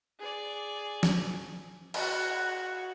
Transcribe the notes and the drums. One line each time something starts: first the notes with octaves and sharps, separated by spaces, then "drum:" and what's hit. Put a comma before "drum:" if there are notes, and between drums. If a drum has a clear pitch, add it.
G#4 D5
drum: snare
F#4, drum: cymbal